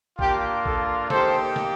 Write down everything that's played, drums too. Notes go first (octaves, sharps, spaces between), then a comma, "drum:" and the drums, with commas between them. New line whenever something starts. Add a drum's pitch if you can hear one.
A#3 D4 F4 G4, drum: kick
A4, drum: kick
A#3 D#4 G4 A4 C5, drum: snare
drum: snare